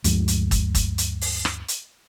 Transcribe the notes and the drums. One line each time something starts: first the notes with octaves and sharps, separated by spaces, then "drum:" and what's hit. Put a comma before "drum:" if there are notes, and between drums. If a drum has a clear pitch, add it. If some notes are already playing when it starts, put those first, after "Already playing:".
D2 G2 F3 G#3, drum: hi-hat
drum: hi-hat
drum: kick, hi-hat
drum: kick, hi-hat
drum: hi-hat
drum: open hi-hat
drum: rim click
drum: hi-hat